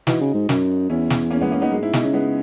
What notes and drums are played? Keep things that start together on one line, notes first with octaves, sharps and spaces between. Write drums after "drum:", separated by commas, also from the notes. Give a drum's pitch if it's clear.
E3 D#4 F#4, drum: snare
C#3
G#2
F#2, drum: snare
E2 C#4 E4
drum: snare
A#3 C#4
G#3 B3
A#3 C#4
B3 D#4
F#2 G#3
G#2 E4
B2 D#4, drum: snare
C#3 C#4
G#3 B3